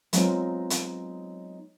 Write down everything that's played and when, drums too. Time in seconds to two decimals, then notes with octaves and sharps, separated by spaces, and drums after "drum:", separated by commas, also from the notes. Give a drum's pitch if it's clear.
0.13 F#3 G#3 B3 C4 D#4 F4, drum: hi-hat
0.70 drum: hi-hat